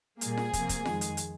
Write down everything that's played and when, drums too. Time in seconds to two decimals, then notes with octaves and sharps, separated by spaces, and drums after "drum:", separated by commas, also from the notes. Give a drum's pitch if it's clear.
0.21 A#2 G3 A#3 G#4, drum: hi-hat
0.37 drum: snare F4
0.53 C3 F3 A#3, drum: kick, hi-hat
0.69 drum: kick, hi-hat
0.85 F2 D#3 G#3, drum: snare F4
1.01 drum: hi-hat
1.17 drum: hi-hat